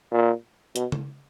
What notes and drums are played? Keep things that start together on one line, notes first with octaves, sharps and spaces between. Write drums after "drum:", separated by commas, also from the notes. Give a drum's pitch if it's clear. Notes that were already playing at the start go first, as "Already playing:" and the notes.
A#2
B2, drum: hi-hat
drum: tom C#3